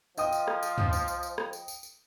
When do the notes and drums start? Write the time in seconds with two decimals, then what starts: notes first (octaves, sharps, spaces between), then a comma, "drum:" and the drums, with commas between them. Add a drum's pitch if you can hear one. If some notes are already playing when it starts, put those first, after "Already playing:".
0.18 F3 D#5 G5 D#6, drum: tambourine
0.33 drum: tambourine
0.48 drum: rim click
0.63 drum: tambourine
0.78 drum: tom
0.93 drum: tambourine
1.08 drum: tambourine
1.23 drum: tambourine
1.38 drum: rim click
1.53 drum: tambourine
1.68 drum: tambourine
1.83 drum: tambourine